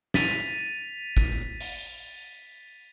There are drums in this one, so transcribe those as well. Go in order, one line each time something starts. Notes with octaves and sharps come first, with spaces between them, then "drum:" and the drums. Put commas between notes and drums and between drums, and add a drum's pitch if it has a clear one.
A6 B6 D#7 F7, drum: snare
drum: kick
drum: open hi-hat